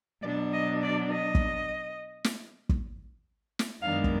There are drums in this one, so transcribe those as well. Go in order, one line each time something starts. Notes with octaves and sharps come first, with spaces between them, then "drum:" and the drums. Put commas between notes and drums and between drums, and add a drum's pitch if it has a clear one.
B2 F#3 D4 D5
D#5
D5
D#5
drum: kick
drum: snare
drum: kick
drum: snare
F#2 D#3 G#3 B3 D4 F5
drum: kick